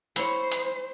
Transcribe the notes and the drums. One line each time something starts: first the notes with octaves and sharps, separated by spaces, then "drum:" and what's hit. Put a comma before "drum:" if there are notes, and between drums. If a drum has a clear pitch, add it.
E4 C5 C#5, drum: hi-hat
drum: hi-hat